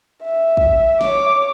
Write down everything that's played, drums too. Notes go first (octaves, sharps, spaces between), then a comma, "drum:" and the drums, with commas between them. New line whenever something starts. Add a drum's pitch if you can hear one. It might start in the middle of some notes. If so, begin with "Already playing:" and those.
E5
drum: kick
C#5 D6, drum: snare